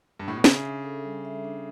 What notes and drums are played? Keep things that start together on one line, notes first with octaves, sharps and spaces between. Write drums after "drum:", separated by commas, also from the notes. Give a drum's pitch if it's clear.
G2
A2
B2
C#3 E5, drum: snare
D4
A4
G3
E5
D4